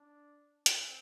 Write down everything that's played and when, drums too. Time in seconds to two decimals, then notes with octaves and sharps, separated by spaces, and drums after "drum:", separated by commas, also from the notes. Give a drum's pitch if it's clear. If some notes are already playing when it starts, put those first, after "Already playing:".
Already playing: D4
0.66 C4, drum: hi-hat